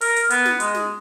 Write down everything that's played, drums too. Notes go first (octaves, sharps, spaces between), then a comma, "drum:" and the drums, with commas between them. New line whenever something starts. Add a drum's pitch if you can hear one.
A#4, drum: open hi-hat
drum: hi-hat
B3, drum: hi-hat
drum: snare
G#3, drum: hi-hat
drum: snare